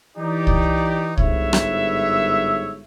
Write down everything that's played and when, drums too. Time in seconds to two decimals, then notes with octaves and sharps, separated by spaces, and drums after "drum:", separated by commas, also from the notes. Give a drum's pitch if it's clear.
0.17 E3 D#4 G4 D5
0.47 drum: kick C2
1.17 G1 G#2 B4 C#5 E5, drum: kick C2
1.53 drum: rim click